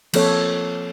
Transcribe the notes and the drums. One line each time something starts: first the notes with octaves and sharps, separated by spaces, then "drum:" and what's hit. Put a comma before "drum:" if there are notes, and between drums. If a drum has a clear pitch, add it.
F3 A#3 C4 A4 C#5, drum: cymbal